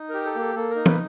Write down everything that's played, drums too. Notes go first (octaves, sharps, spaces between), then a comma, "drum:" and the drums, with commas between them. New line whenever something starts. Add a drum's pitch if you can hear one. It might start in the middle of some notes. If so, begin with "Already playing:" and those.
Already playing: D#4
G4 A#4
A4
A#3 A4
A#3 A4
A#4
D#4
B4, drum: tom